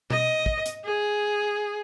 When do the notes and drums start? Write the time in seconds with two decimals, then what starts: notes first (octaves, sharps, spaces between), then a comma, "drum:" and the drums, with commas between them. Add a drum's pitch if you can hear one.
0.10 D#5, drum: tom B2
0.46 drum: kick
0.66 drum: hi-hat
0.85 G#4